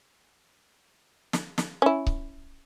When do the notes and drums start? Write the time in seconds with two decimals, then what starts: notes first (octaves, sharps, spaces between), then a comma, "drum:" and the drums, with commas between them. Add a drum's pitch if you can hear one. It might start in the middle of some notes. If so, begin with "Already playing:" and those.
1.33 drum: snare
1.58 drum: snare
1.82 C#4 E4
2.07 drum: kick C#1